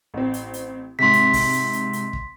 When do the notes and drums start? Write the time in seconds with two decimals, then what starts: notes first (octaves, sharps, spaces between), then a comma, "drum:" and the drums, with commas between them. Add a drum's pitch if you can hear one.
0.14 A1 C4
0.34 drum: hi-hat
0.54 drum: hi-hat
0.99 G#2 C3 C6 B6
1.13 drum: hi-hat
1.33 drum: kick, open hi-hat
1.53 drum: hi-hat
1.73 drum: hi-hat
1.93 drum: hi-hat
2.13 drum: kick